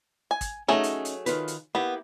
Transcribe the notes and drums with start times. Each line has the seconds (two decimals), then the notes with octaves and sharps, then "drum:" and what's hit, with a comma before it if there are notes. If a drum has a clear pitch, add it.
0.31 G#5
0.41 drum: kick, hi-hat
0.68 F#3 A3 C#4 D#4 G#4
0.84 drum: hi-hat
1.05 drum: hi-hat
1.26 D#3 F4 B4, drum: hi-hat
1.48 drum: hi-hat
1.75 A#3 B3 E4 G4